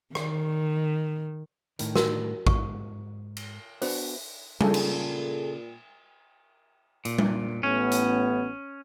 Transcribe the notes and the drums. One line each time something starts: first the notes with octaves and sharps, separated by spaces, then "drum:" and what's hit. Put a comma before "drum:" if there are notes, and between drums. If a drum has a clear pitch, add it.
D#3, drum: rim click
A2 D#3, drum: hi-hat
F#4 A#4, drum: snare
F2 G#2 C#6, drum: kick A1
drum: cymbal
B3 D4 F#4 C5, drum: open hi-hat
A#2 C#3 G#4 A4, drum: tom G3
drum: cymbal
A#2, drum: hi-hat
drum: tom G3
A1 A2 B3 C#4
drum: hi-hat